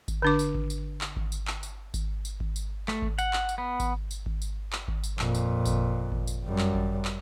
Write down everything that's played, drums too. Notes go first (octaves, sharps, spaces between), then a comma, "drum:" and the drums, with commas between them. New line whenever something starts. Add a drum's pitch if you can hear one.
drum: kick G#1, tambourine
D3 D4 D6
drum: tambourine
drum: kick G#1
drum: tambourine
drum: clap
drum: kick G#1
drum: tambourine
drum: clap
drum: tambourine
drum: kick G#1, tambourine
drum: tambourine
drum: kick G#1
drum: tambourine
A3, drum: clap
drum: kick G#1
F#5, drum: tambourine
drum: clap
drum: tambourine
B3
drum: kick G#1, tambourine
drum: tambourine
drum: kick G#1
drum: tambourine
drum: clap
drum: kick G#1
drum: tambourine
F2 A#2, drum: clap
drum: tambourine
drum: kick G#1, tambourine
drum: kick G#1
drum: tambourine
F#2 G3
drum: clap
drum: kick G#1
drum: clap